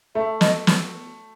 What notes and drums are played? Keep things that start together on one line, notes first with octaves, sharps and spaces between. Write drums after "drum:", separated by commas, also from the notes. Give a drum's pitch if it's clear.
A3 E5
D#5, drum: snare
drum: snare